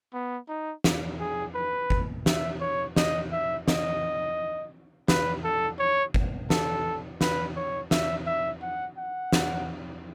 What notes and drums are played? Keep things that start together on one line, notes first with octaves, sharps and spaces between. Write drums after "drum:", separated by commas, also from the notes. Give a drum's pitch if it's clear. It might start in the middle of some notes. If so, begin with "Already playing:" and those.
B3
D#4
drum: snare
G#4
B4
drum: kick G1
E5, drum: snare
C#5
D#5, drum: snare
E5
D#5, drum: snare
B4, drum: snare
A4
C#5
drum: kick G1
A4, drum: snare
B4, drum: snare
C#5
E5, drum: snare
E5
F#5
F#5
drum: snare